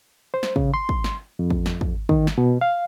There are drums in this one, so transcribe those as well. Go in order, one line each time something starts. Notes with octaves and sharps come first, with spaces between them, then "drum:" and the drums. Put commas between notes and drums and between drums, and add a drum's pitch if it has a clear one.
C5
drum: snare
C#3, drum: kick
C6
drum: kick
drum: snare
F2
drum: kick
drum: snare
drum: kick
D#3, drum: kick
drum: snare
B2
F5